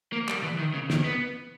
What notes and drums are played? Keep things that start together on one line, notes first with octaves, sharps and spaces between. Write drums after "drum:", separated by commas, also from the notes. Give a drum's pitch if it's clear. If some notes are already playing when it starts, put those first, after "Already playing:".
A#3
G3, drum: clap
E3
D#3
C#3
D#3, drum: snare
B3